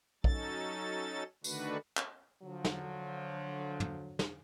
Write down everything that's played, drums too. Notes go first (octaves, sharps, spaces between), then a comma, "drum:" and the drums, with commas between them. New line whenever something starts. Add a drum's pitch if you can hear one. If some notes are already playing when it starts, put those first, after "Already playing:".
F#3 C#4 D#4 A4 A6, drum: kick
D3 D#3 A3 D4 F#4 B4, drum: tambourine
drum: clap
D3 F3 F#3
drum: snare
drum: tom
drum: snare